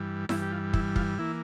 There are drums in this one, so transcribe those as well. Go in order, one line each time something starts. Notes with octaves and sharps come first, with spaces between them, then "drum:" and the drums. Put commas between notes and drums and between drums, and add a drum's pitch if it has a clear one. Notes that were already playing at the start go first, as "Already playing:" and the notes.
Already playing: G2 E3 G3
G2 E3 G3 E4, drum: snare E4
G4
F4
E4, drum: kick
F4, drum: kick
E3 A#3 E4